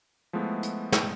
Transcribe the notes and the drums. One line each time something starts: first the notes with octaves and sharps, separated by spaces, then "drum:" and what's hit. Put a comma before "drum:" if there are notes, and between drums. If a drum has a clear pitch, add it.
F3 G#3 A3 B3 E4
drum: hi-hat
drum: snare